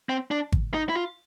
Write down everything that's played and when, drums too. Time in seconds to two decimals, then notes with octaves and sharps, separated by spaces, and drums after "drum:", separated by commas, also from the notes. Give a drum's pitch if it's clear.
0.09 C4
0.31 D4
0.52 drum: kick G#1
0.74 D#4
0.89 E4
0.95 F4